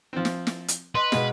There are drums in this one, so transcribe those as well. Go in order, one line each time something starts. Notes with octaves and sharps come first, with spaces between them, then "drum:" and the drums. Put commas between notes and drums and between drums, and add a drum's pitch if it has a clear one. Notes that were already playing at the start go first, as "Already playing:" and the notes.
F3 C4
drum: snare
drum: snare
drum: hi-hat
B4 D#5 C6
B2 G#3 D#5 F5, drum: snare